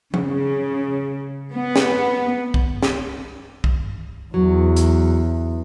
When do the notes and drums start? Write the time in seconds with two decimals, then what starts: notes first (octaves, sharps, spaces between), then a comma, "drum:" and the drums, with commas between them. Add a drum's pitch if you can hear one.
0.14 C#3, drum: tom F3
1.54 B3
1.76 drum: snare
2.54 drum: kick
2.83 drum: snare
3.64 drum: kick
4.34 E2 F#3
4.76 drum: hi-hat